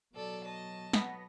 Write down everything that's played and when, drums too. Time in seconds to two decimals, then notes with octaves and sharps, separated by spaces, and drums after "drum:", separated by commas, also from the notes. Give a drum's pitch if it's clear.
0.15 B2 F#3 A4 D5
0.44 D#5 A5
0.93 B3 A#6, drum: snare